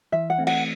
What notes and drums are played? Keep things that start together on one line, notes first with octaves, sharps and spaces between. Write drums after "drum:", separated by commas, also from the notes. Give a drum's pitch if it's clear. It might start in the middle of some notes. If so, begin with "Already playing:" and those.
E3 E5
F#5
A3 C4
F#5, drum: cymbal